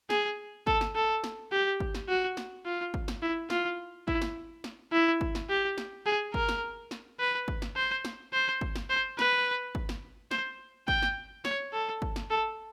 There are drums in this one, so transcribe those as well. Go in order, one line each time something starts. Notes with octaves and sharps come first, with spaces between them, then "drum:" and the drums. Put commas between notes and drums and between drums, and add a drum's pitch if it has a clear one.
G#4, drum: snare
A4, drum: kick
drum: snare
A4
drum: snare
G4
drum: kick
drum: snare
F#4
drum: snare
F4
drum: kick
drum: snare
E4
F4, drum: snare
E4, drum: kick
drum: snare
drum: snare
E4
drum: kick
drum: snare
G4
drum: snare
G#4
A#4, drum: kick
drum: snare
drum: snare
B4
drum: kick
drum: snare
C5
drum: snare
C5
drum: kick
drum: snare
C5
B4, drum: snare
drum: kick
drum: snare
C5, drum: snare
G5, drum: kick
drum: snare
C#5, drum: snare
A4
drum: kick
drum: snare
A4